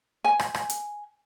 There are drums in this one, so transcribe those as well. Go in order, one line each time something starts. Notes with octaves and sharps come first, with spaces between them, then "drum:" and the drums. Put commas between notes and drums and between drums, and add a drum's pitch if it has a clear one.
G#5
drum: rim click
drum: rim click
drum: hi-hat